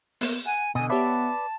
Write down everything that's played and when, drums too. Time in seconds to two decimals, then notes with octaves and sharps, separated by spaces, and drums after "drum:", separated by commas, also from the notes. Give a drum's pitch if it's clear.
0.21 A#3 B3, drum: open hi-hat
0.46 F#5 G#5
0.75 B2 D3 D#5 G#5
0.90 B3 G4 B4 C#5 D5 E5 A5